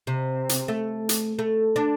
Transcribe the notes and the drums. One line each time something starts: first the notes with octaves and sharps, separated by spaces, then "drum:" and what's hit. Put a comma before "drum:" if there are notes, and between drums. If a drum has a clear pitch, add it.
C3
drum: hi-hat
A3
drum: hi-hat
A3
D4